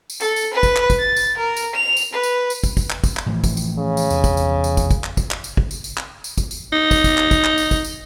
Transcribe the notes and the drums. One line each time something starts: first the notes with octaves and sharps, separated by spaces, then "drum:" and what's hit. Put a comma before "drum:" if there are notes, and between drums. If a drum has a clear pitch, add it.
drum: tambourine
A4, drum: tambourine
drum: tambourine
B4
drum: kick, tambourine
drum: clap
drum: kick, tambourine
A6
drum: tambourine
A#4
drum: tambourine
F7
drum: tambourine
B4
drum: tambourine
drum: tambourine
drum: kick, tambourine
drum: kick, tambourine
drum: clap
drum: kick, tambourine
drum: clap
A2 E3 F3
drum: kick, tambourine
drum: tambourine
C#3
drum: tambourine
E2 C3, drum: tambourine
drum: kick, tambourine
drum: tambourine
drum: tambourine
drum: kick, tambourine
drum: kick, tambourine
drum: clap
drum: kick, tambourine
drum: clap
drum: tambourine
drum: kick
drum: tambourine
drum: tambourine
drum: clap
drum: tambourine
drum: kick, tambourine
drum: tambourine
D#4
drum: kick, tambourine
drum: kick, tambourine
drum: clap
drum: kick, tambourine
drum: clap
drum: tambourine
drum: kick, tambourine
drum: tambourine